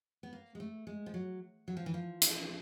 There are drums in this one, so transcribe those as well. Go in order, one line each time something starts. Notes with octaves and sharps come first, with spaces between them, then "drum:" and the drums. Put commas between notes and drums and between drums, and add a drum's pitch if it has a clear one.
B3
A#3
G#3
A3
G#3
F3
F#3
F#3
F3
E3
F3
drum: hi-hat